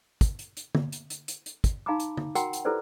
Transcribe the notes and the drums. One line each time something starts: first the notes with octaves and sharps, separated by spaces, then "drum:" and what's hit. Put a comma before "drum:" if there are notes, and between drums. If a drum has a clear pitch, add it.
drum: kick, hi-hat
drum: hi-hat
drum: hi-hat
drum: tom
drum: hi-hat
drum: hi-hat
drum: hi-hat
drum: hi-hat
drum: kick, hi-hat
D#4 F5 G#5 A#5 B5 D6
drum: hi-hat
drum: tom
F#4 A#4 F#5 G5 A#5 C6, drum: hi-hat
drum: hi-hat
E4 G4 A4 B4 C5 D5